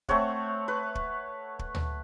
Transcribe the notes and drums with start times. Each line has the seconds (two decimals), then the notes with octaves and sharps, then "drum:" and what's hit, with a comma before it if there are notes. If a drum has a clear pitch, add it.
0.09 A3 C4 C#5 F#5, drum: kick
0.68 B4
0.95 drum: kick
1.59 drum: kick
1.75 drum: tom